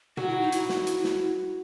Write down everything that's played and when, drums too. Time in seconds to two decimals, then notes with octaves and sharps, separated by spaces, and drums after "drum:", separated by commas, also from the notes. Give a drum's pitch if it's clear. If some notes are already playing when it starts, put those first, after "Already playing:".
0.17 F#3 F#4, drum: tom A#2
0.29 E4
0.41 D#4
0.52 E4, drum: hi-hat
0.69 drum: snare
0.87 drum: hi-hat
1.04 drum: snare